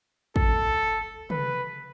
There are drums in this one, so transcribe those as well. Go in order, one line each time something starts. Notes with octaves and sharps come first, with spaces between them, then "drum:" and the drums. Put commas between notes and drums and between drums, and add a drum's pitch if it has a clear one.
A4, drum: kick
B4, drum: tom